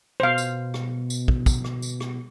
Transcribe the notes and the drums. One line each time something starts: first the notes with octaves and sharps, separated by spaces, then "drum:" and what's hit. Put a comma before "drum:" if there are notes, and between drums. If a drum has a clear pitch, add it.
B2 C5 F5
drum: tambourine
drum: rim click
drum: tambourine
drum: kick
drum: kick, tambourine
drum: rim click
drum: tambourine
drum: rim click